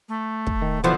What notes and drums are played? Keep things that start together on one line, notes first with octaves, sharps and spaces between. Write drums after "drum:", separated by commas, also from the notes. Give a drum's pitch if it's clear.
A3
drum: kick
D#3
D3 E3 F3 B3 F#4 C5